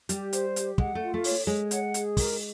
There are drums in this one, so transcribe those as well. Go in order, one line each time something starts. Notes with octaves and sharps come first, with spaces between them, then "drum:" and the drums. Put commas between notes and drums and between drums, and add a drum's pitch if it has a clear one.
G3 G4, drum: hi-hat
C5, drum: hi-hat
G4, drum: hi-hat
G#3 F#5, drum: kick
A3
F4
A3
C#5, drum: open hi-hat
G#3 C#5
F#5, drum: hi-hat
G#4, drum: hi-hat
A#4, drum: kick, open hi-hat